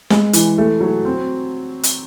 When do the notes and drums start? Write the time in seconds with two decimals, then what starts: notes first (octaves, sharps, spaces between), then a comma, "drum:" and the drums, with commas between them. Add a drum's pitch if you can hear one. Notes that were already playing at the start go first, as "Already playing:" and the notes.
0.10 G#3, drum: snare
0.33 E3, drum: hi-hat
0.58 A3
0.81 F#3
1.05 C4
1.83 drum: hi-hat